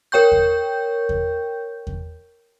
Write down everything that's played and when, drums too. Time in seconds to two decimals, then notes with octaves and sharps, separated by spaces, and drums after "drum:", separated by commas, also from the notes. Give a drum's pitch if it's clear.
0.12 A#4 C#5 G5 C#6 G6
0.32 drum: kick E2
1.09 drum: kick E2
1.87 drum: kick E2